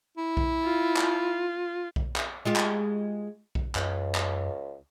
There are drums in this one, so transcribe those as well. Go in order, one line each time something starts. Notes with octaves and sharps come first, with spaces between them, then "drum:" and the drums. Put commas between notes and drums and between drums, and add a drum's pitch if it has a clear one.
E4
drum: kick B1
F4
drum: clap
drum: kick B1
drum: clap
G#3 F4 G4
drum: clap
drum: kick B1
C#2 F#2, drum: clap
drum: clap